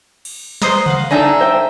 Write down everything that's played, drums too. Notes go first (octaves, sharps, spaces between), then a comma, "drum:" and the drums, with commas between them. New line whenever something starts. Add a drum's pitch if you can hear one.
drum: cymbal
C5 D#5 A#5, drum: snare
F5 F#5, drum: tom C#3
D4 D#4 A4 E5 G#5 A#5
C5 G5